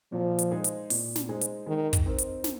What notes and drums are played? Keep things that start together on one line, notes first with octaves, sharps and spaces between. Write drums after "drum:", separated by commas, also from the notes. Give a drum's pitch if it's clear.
A#2 F3
drum: hi-hat
G#3 D#4 G#4 C5
drum: hi-hat
A#2, drum: open hi-hat
drum: snare
G#3 D#4 G#4 C5
drum: hi-hat
D#3 G#3
drum: kick, hi-hat
C4 D#4 A#4
drum: hi-hat
drum: snare